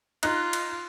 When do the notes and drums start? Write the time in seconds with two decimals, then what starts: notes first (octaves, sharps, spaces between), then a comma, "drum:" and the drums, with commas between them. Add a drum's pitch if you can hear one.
0.23 D#4 F4 F#6, drum: cymbal
0.53 drum: cymbal